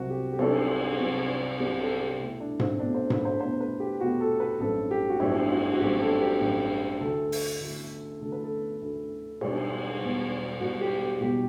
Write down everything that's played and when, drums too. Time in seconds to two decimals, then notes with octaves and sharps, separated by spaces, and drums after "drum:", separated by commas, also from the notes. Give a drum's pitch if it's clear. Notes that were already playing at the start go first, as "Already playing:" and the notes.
Already playing: C2 C3 F#3 C4 F#4
0.10 G4
0.33 G4
0.39 C2 C3 F#3 C4 A4, drum: cymbal
1.00 C2 C3 F#3 C4
1.60 C2 C3 F#3 C4 G4
1.80 A4
2.00 G4
2.20 E2 B2 A3 E4
2.40 D4
2.59 C4, drum: tom G#2
2.79 E2 B2 A3 D4
2.95 C5
3.10 B4, drum: tom G#2
3.25 C5
3.40 E2 B2 A3 C5
3.60 B4
3.80 G4
4.00 E2 B2 A3 F#4
4.20 A4
4.40 B4
4.60 A1 G2 F#3 C4 A4
4.91 G4
5.09 F#4
5.20 A1 G2 F#3 C4 E4, drum: cymbal
5.51 F#4
5.73 F#4
5.80 A1 G2 F#3 C4 G4
6.01 A4
6.20 G4
6.41 A1 G2 F#3 C4
7.01 D2 D3 A3 A4
7.32 drum: open hi-hat
7.60 D2 D3 A3
8.21 D2 D3 A3 A4
8.32 B4
8.43 A4
8.82 D2 D3 A3
9.41 E1 E2 B2 G3 G4, drum: cymbal
10.01 E1 E2 B2 G3
10.61 E1 E2 B2 G3 F#4
10.81 G4
11.02 G4
11.21 E1 E2 B2 G3 G4